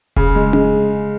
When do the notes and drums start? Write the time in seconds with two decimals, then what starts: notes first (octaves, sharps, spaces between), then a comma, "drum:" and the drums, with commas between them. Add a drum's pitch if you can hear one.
0.16 C#3, drum: kick E1
0.35 G#3
0.53 G#3, drum: tom C#4